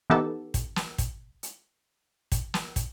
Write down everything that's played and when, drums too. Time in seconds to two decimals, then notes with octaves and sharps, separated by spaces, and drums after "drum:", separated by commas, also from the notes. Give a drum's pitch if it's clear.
0.10 E3 B3 D#4 G4 A4
0.54 drum: kick, hi-hat
0.76 drum: snare
0.98 drum: kick, hi-hat
1.43 drum: hi-hat
2.32 drum: kick, hi-hat
2.54 drum: snare
2.76 drum: kick, hi-hat